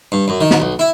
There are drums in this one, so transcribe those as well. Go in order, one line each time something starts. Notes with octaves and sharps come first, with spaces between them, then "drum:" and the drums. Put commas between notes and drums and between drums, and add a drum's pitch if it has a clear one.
G2
F#2
D#3
drum: snare
B1
E4